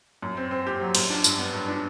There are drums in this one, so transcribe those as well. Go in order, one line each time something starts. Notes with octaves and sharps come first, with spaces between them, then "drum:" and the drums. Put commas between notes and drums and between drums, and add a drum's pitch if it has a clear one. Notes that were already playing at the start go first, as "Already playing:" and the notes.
F#2
C4
C4
G4
F#3
F#2, drum: cymbal
D4
G2, drum: tambourine
B3
G2
D4